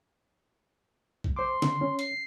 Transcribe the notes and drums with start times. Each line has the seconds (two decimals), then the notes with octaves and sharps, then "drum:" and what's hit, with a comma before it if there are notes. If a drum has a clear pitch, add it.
1.24 drum: kick B1
1.36 C5 C6 D6
1.62 D3, drum: snare
1.81 C#4
1.99 C7, drum: hi-hat